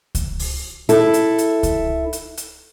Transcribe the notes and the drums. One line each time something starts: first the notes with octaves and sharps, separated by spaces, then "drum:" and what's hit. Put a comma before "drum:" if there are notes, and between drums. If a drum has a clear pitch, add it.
drum: kick C#2, hi-hat
drum: open hi-hat
E4 A4, drum: hi-hat
drum: hi-hat
drum: hi-hat
drum: kick C#2, hi-hat
drum: hi-hat
drum: hi-hat